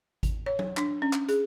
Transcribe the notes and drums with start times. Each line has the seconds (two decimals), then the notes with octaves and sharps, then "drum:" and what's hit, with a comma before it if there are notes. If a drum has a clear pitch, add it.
0.23 drum: kick G#1, hi-hat
0.46 C#5
0.59 drum: tom F#3
0.77 D4, drum: clap
1.02 C#4
1.13 drum: clap
1.29 G#4, drum: hi-hat